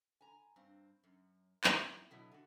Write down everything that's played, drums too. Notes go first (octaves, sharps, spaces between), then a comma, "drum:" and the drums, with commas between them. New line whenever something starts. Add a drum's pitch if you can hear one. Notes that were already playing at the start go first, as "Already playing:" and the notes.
G#5 A#5
G2 C4
F#2
F#2 D#4 E4, drum: clap
B2 D3 F#3 B3 E4 D#5
D3 F#4